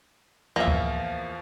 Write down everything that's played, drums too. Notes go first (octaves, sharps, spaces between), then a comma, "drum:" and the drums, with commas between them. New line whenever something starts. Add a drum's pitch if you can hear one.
E2 F3 A#3 E5 F5
drum: kick C#2